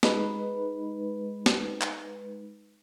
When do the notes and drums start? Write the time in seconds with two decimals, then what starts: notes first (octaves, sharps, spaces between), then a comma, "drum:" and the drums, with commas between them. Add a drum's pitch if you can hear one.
0.03 G#3 D#4 B4, drum: snare
1.46 drum: snare
1.82 drum: clap